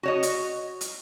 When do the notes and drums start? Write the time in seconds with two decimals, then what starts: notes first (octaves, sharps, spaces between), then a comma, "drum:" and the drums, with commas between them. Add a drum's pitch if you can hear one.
0.03 F#4 C#5 D#5
0.23 drum: hi-hat
0.81 drum: hi-hat